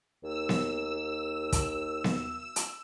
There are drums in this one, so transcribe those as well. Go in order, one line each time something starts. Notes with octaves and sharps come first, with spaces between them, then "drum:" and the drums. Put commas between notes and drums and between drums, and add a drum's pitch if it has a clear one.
D#2 E6
drum: snare B3
drum: kick, hi-hat
drum: snare B3
drum: hi-hat